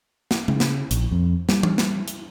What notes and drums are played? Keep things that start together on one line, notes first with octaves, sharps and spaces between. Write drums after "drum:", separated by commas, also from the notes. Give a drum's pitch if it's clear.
drum: snare
C#3, drum: tom G#3
drum: snare
A#1, drum: hi-hat
F2
G3, drum: snare
drum: tom E3
drum: snare
drum: hi-hat